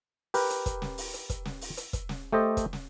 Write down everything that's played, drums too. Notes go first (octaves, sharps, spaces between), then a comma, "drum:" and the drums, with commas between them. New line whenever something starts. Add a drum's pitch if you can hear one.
G4 A#4 B4, drum: open hi-hat
drum: hi-hat
drum: kick, hi-hat
drum: snare
drum: open hi-hat
drum: hi-hat
drum: kick, hi-hat
drum: snare
drum: open hi-hat
drum: hi-hat
drum: kick, hi-hat
drum: snare
A3 G4 A4 C5 D#5
drum: kick, hi-hat
drum: snare